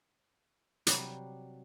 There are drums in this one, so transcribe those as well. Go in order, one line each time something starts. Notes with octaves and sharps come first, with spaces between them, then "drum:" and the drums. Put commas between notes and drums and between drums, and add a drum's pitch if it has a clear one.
C3 F#3 G3, drum: hi-hat